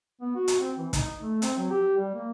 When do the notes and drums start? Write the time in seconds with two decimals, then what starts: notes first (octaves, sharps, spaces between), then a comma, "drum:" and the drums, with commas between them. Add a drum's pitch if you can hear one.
0.21 B3
0.35 F#4
0.48 drum: hi-hat
0.60 C4
0.78 E3
0.93 D#4, drum: kick, hi-hat
1.20 A3
1.42 C4, drum: hi-hat
1.57 F#3
1.70 G4
1.97 G3
2.14 A#3